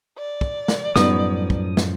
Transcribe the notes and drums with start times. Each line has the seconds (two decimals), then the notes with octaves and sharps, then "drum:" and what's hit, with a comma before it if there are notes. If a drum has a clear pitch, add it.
0.18 D5
0.41 drum: kick
0.68 drum: snare
0.96 F#2 A2 F3 G3 B3 D#4 D#6, drum: snare
1.50 drum: kick
1.77 drum: snare